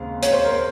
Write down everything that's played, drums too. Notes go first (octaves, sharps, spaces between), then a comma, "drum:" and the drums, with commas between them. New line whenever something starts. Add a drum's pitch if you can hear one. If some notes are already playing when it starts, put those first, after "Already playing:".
Already playing: D#2 C#3 G#3 C4 F5
C#5, drum: hi-hat
C5
A#4
C5